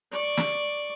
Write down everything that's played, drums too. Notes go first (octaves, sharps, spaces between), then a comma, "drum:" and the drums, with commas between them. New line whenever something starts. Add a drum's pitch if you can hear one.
D5 C#6
drum: snare